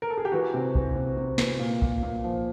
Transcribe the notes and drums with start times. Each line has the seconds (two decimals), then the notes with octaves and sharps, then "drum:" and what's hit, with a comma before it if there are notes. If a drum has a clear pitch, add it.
0.02 A#4
0.10 A4
0.18 G#4
0.25 G4
0.32 E3 F#4
0.54 C3
0.75 E3, drum: kick B1
0.96 C3
1.17 C3
1.38 E3, drum: snare
1.60 A#2
1.82 A#2, drum: kick B1
2.03 A#2
2.24 F3